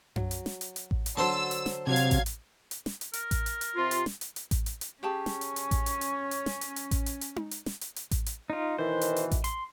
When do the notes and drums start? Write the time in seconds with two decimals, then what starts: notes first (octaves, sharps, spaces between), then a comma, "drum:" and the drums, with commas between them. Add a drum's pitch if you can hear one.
0.16 F#3, drum: tom F#2
0.31 drum: hi-hat
0.46 drum: snare
0.61 drum: hi-hat
0.76 drum: hi-hat
0.91 drum: kick A1
1.06 drum: hi-hat
1.17 D3 F#3 C5 A5 E6
1.51 drum: hi-hat
1.66 drum: snare
1.87 C3 F#3 D4 F5 G#6
1.96 drum: hi-hat
2.11 drum: kick A1, hi-hat
2.26 drum: hi-hat
2.71 drum: hi-hat
2.86 drum: snare
3.01 drum: hi-hat
3.13 A#4, drum: hi-hat
3.31 drum: kick A1, hi-hat
3.46 drum: hi-hat
3.61 drum: hi-hat
3.76 C3 F4
3.91 drum: hi-hat
4.06 drum: snare
4.21 drum: hi-hat
4.36 drum: hi-hat
4.51 drum: kick A1, hi-hat
4.66 drum: hi-hat
4.81 drum: hi-hat
5.03 C#4 G4 G#4 A5 C#6
5.26 drum: snare
5.41 drum: hi-hat
5.56 drum: hi-hat
5.71 drum: kick A1, hi-hat
5.86 drum: hi-hat
6.01 drum: hi-hat
6.31 drum: hi-hat
6.46 drum: snare
6.61 drum: hi-hat
6.76 drum: hi-hat
6.91 drum: kick A1, hi-hat
7.06 drum: hi-hat
7.21 drum: hi-hat
7.36 drum: tom D#4
7.51 drum: hi-hat
7.66 drum: snare
7.81 drum: hi-hat
7.96 drum: hi-hat
8.11 drum: kick A1, hi-hat
8.26 drum: hi-hat
8.50 D#4 F4
8.78 B2 D#3 E3 C5
9.01 drum: hi-hat
9.16 drum: hi-hat
9.31 drum: kick A1, hi-hat
9.44 C6, drum: hi-hat